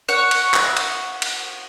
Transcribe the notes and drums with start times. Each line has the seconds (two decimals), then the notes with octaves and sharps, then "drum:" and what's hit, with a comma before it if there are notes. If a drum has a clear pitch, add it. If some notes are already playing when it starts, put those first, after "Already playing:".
0.09 C#5 F#5
0.31 drum: cymbal
0.54 drum: clap
0.77 drum: cymbal
1.22 drum: cymbal